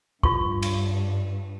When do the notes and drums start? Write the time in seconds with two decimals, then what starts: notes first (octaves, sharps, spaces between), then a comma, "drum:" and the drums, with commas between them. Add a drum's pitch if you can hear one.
0.23 G2 F4 C#6, drum: kick
0.62 drum: cymbal